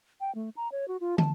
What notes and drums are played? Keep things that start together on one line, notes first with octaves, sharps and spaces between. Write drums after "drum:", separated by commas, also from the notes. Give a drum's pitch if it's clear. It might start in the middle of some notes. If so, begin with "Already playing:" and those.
G5
A3
A#5
C#5
F#4
F4
A5, drum: tom